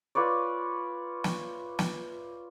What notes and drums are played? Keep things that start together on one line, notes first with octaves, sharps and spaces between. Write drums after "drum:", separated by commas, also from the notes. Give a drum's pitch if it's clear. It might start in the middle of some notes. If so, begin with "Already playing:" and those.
F4 B4 C#5 D5
drum: snare
drum: snare